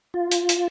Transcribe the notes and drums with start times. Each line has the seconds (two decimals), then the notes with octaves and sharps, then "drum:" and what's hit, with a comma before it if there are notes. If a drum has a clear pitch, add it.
0.14 F4
0.31 drum: hi-hat
0.49 drum: hi-hat